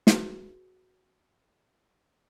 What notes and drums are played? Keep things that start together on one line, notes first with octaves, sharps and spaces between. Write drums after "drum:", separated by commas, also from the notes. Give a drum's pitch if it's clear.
F#4 G#4 B4, drum: snare